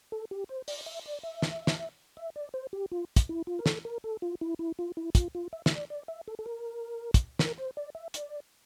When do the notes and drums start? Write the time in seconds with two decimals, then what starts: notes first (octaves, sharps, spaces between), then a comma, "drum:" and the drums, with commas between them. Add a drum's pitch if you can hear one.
0.12 A4
0.31 G4
0.49 C5
0.68 D5, drum: open hi-hat
0.86 E5
1.06 D5
1.23 E5
1.42 drum: snare
1.67 drum: snare
2.17 E5
2.36 D5
2.54 C5
2.73 G4
2.92 F4
3.16 drum: kick, hi-hat
3.29 E4
3.47 F4
3.59 A#4
3.66 A4, drum: snare
3.85 A#4
4.04 A4
4.22 F4
4.41 E4
4.59 E4
4.79 F4
4.97 E4
5.15 F4, drum: kick, hi-hat
5.35 F4
5.53 E5
5.66 E5, drum: snare
5.72 D5
5.90 D5
6.08 E5
6.28 A4
6.39 A4
6.46 A#4
7.14 drum: kick, hi-hat
7.39 A#4, drum: snare
7.58 C5
7.77 D5
7.95 E5
8.14 D5, drum: hi-hat